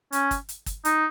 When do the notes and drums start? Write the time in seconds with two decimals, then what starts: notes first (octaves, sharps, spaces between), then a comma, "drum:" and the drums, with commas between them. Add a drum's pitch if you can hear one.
0.12 C#4, drum: hi-hat
0.31 drum: kick, hi-hat
0.49 drum: hi-hat
0.66 drum: kick, hi-hat
0.85 D#4, drum: hi-hat